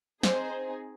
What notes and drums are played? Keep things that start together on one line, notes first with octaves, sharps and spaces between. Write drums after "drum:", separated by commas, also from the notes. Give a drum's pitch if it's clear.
C4 D#4 G#4 C5, drum: snare